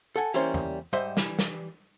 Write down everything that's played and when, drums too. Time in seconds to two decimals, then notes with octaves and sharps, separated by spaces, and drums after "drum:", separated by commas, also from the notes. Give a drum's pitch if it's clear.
0.16 A4 F#5 G#5
0.34 E3 G3 A#3 C#4 C5 C#5
0.54 drum: tom E2
0.93 G#2 G3 C5 D#5 E5
1.17 E3 G3, drum: snare
1.39 drum: snare